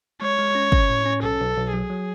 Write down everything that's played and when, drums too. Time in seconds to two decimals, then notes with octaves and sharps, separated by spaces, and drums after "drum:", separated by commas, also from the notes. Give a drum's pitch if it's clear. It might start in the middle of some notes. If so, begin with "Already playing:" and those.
0.22 G#3 C#5
0.39 G#3
0.55 C#4
0.72 C#4, drum: kick
0.89 A2
1.06 C#4
1.22 B1 A4
1.40 B1
1.57 B1
1.73 F#3 G#4
1.90 F#3